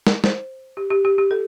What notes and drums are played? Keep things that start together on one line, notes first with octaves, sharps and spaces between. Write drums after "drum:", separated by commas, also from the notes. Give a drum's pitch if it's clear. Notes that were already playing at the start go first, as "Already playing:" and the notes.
drum: snare
C5, drum: snare
G4
G4
G4
G4
A4